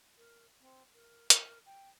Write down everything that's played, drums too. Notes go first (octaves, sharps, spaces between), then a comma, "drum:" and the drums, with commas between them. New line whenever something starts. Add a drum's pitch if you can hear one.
A#4
C4
A#4
A#4, drum: hi-hat
G5